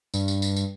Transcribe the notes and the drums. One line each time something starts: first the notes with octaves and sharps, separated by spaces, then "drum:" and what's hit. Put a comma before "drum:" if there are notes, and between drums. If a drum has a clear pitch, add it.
G2, drum: tambourine
drum: tambourine
drum: tambourine
drum: tambourine